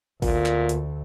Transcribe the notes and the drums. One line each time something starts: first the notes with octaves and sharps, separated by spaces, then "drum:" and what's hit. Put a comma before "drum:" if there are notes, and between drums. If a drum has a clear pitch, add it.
D2 A#2, drum: kick G#1, open hi-hat
drum: clap
drum: hi-hat